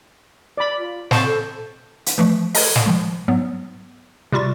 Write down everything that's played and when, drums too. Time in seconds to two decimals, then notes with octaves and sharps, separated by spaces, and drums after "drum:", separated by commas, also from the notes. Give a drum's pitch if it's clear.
0.57 D5 B5
0.77 F4
1.11 C4 C5 A5 C#6, drum: snare
1.25 A4
2.06 drum: hi-hat
2.18 E3 F3 A3
2.55 D#5 G#6, drum: open hi-hat
2.76 drum: snare
2.86 D#3 F3 G#3
3.28 G#2 F#3 B3
4.33 C3 G3 F4 C#6 A6